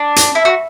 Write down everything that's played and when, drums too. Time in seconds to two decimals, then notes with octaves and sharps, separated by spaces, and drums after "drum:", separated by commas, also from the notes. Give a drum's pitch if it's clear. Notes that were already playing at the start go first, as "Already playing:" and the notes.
Already playing: D4
0.16 drum: hi-hat
0.35 E4
0.45 F#4